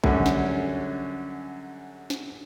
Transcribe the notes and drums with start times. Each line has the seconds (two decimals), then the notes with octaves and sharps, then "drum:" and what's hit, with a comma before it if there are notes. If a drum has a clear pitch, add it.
0.04 F#2 D3 G3 C#4, drum: kick A#1
0.26 drum: snare
2.10 drum: snare